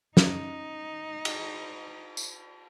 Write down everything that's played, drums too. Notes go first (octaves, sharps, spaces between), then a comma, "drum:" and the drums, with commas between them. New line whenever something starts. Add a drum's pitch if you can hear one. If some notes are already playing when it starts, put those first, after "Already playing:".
C#4 D#4, drum: snare
drum: cymbal
drum: tambourine